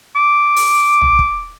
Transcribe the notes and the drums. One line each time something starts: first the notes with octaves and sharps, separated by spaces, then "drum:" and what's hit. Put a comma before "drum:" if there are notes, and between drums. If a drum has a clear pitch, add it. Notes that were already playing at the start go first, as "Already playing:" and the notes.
D6
drum: open hi-hat
drum: tom
drum: kick